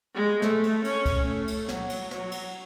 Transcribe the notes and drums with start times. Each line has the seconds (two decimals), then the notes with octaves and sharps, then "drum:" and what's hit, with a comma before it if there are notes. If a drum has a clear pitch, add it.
0.15 G#3
0.42 A3, drum: snare
0.64 drum: cymbal
0.84 C#4, drum: cymbal
1.06 drum: kick, cymbal
1.26 A3
1.48 drum: cymbal
1.69 F#3, drum: snare
1.90 drum: cymbal
2.11 F#3, drum: snare
2.32 drum: cymbal